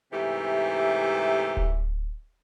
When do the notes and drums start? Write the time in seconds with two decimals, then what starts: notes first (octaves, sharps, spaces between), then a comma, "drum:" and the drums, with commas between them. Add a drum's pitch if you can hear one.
0.13 G#2 C3 E3 A3 G4 E5
1.57 drum: kick D1